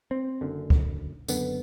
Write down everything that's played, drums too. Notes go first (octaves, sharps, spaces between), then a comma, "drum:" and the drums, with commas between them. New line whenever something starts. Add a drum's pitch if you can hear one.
C4
F#1 F#2 D3
drum: kick C#2
F#1 F#2 D3 B3, drum: tambourine